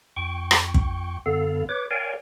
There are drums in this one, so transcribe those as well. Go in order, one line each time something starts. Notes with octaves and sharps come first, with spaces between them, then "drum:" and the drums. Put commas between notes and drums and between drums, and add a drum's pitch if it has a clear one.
F2 G5 C#6
drum: rim click
drum: kick
F#2 D3 B3 A4 F5
B4 C#5 D6
A#4 C#5 D5 F5 G5 G#5